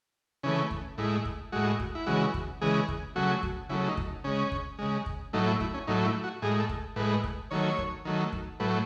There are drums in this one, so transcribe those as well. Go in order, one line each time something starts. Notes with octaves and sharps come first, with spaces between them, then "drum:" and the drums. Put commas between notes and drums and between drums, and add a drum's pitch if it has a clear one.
C#3 E3 A3 C#4
drum: kick
A2 G#3 E4
drum: kick
A2 G#3 F#4
drum: kick
E4
C#3 E3 G#3 F#4
drum: kick
C#3 E3 G#3 G#4
drum: kick
C#3 F#3 A3 F#4
drum: kick
C#3 F#3 A3 E4
D#4
drum: kick
C#3 G#3 C#4
drum: kick
C#3 G#3
drum: kick
A2 F#3 A3 D#4
E4
E4, drum: kick
C#4
A2 F#3 A3 D#4
E4
F#4
A2 G#3 G#4
A4
drum: kick
A2 G#3 B4
drum: kick
D#3 F#3 A3 C#5
drum: kick
D#3 F#3 A3
drum: kick
A2 F#3 A3 B4